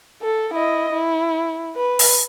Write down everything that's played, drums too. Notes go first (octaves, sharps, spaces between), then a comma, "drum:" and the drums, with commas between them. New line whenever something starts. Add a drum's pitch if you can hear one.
A4
E4 D#5
E4
B4
drum: open hi-hat